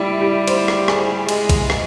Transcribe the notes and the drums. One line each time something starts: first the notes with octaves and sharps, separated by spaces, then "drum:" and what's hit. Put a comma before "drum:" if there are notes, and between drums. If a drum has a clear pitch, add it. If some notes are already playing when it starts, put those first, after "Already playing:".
Already playing: G3 E4
G4
C5, drum: cymbal
drum: rim click
G#4, drum: rim click
G#3, drum: cymbal
drum: kick B1, cymbal
drum: rim click